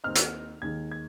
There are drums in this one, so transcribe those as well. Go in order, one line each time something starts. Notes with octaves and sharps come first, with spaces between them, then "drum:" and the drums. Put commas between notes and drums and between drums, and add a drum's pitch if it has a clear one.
D#2 D#3 C4 D#4 F6
drum: hi-hat
D#2 D#3 G#3 G#6
G#6